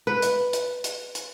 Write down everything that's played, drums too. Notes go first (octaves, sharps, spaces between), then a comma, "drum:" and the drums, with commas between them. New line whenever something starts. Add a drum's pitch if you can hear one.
B4
drum: hi-hat
drum: hi-hat
drum: hi-hat
drum: hi-hat